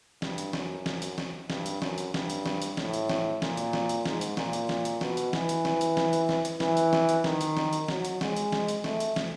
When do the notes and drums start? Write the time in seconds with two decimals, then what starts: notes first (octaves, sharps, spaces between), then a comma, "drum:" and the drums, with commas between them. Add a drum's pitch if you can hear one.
0.22 G2, drum: snare
0.38 drum: hi-hat
0.53 F#2, drum: snare
0.86 drum: snare
1.02 drum: hi-hat
1.18 drum: snare
1.50 G2, drum: snare
1.66 drum: hi-hat
1.82 F#2, drum: snare
1.98 drum: hi-hat
2.14 G2, drum: snare
2.30 drum: hi-hat
2.46 drum: snare
2.62 drum: hi-hat
2.77 A2, drum: snare
2.94 drum: hi-hat
3.09 drum: snare
3.42 A#2, drum: snare
3.57 drum: hi-hat
3.73 drum: snare
3.89 drum: hi-hat
4.06 G#2, drum: snare
4.21 drum: hi-hat
4.37 A#2, drum: snare
4.53 drum: hi-hat
4.69 drum: snare
4.85 drum: hi-hat
5.01 B2, drum: snare
5.17 drum: hi-hat
5.33 E3, drum: snare
5.49 drum: hi-hat
5.65 drum: snare
5.81 drum: hi-hat
5.97 drum: snare
6.13 drum: hi-hat
6.29 drum: snare
6.45 drum: hi-hat
6.60 E3, drum: snare
6.77 drum: hi-hat
6.93 drum: snare
7.09 drum: hi-hat
7.24 D#3, drum: snare
7.41 drum: hi-hat
7.57 drum: snare
7.73 drum: hi-hat
7.88 F#3, drum: snare
8.05 drum: hi-hat
8.21 G#3, drum: snare
8.37 drum: hi-hat
8.52 drum: snare
8.68 drum: hi-hat
8.84 A3, drum: snare
9.00 drum: hi-hat
9.16 drum: snare